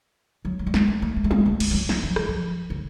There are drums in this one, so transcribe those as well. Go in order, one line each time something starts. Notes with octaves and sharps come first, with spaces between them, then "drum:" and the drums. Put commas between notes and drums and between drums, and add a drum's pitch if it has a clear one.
F#3
G#3
G3
G#3, drum: snare
A3
A3
G#3
A3
G#3, drum: tom
A3
G#3, drum: cymbal
F3
F#3
F#3, drum: snare
F3
F#3, drum: rim click
F3
D3